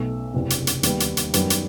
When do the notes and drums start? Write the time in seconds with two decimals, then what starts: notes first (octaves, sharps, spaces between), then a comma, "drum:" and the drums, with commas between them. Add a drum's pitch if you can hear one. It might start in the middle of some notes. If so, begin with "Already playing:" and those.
Already playing: B1 B2 A3 E6
0.34 F#1 E2 C3 E3
0.50 drum: hi-hat
0.67 drum: hi-hat
0.83 D#2 D#3 G3 B3, drum: hi-hat
1.00 drum: hi-hat
1.17 drum: hi-hat
1.34 F#2 D#3 G3 B3, drum: hi-hat
1.50 drum: hi-hat